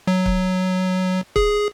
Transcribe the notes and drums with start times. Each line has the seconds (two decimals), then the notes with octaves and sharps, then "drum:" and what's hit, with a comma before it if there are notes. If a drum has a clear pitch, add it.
0.07 F#3
0.26 drum: kick
1.36 G#4, drum: kick